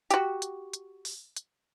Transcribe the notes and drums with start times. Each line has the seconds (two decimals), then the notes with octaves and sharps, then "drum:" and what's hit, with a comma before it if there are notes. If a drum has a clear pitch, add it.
0.10 F#4 G4, drum: hi-hat
0.42 drum: hi-hat
0.73 drum: hi-hat
1.05 drum: open hi-hat
1.36 drum: hi-hat